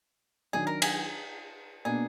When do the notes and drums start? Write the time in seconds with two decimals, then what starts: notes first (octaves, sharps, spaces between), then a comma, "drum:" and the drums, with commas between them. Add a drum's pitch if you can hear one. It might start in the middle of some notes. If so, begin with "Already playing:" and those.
0.53 D#3 F#3 D4 G#4
0.67 A#4
0.82 G#4, drum: cymbal
1.85 B2 A#3 D4 G#4